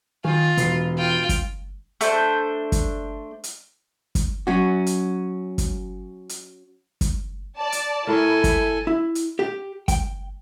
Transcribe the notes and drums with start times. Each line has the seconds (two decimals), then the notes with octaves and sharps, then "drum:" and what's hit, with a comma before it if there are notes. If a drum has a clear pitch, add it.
0.24 D#3 F4 G#5
0.57 E1 C7, drum: hi-hat
0.98 F4 G5
1.29 drum: kick, hi-hat
2.01 A3 D4 C5 G6, drum: hi-hat
2.72 drum: kick, hi-hat
3.44 drum: hi-hat
4.15 drum: kick, hi-hat
4.47 F#3 C#4 F#4
4.87 drum: hi-hat
5.58 drum: kick, hi-hat
6.29 drum: hi-hat
7.01 drum: kick, hi-hat
7.57 D5 A5
7.72 drum: hi-hat
8.07 A2 E4 A4 A#4 G#5
8.44 drum: kick, hi-hat
8.87 E4
9.15 drum: hi-hat
9.39 G4
9.88 G5, drum: kick, hi-hat